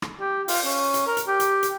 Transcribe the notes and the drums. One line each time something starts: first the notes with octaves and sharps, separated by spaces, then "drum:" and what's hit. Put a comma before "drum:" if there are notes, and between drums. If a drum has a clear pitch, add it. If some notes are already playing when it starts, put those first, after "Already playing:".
drum: rim click
G4
F4, drum: open hi-hat
C#4
drum: hi-hat
A#4
drum: hi-hat
G4
drum: hi-hat
drum: hi-hat